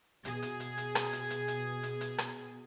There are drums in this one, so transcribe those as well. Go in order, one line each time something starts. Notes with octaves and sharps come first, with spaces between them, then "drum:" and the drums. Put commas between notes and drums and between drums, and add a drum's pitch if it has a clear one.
B2 G#4, drum: hi-hat
drum: hi-hat
drum: hi-hat
drum: hi-hat
drum: rim click
drum: hi-hat
drum: hi-hat
drum: hi-hat
drum: hi-hat
drum: hi-hat
drum: rim click